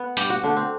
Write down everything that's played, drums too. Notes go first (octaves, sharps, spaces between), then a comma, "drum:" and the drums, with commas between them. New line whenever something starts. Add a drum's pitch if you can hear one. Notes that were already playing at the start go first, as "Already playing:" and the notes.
Already playing: B3
G2 G4, drum: open hi-hat
F#4
D3 A3 D4
C4